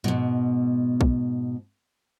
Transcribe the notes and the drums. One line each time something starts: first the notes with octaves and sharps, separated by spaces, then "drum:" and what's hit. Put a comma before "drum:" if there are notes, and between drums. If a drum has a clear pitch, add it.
G#2 B2, drum: tom F3
drum: kick A#1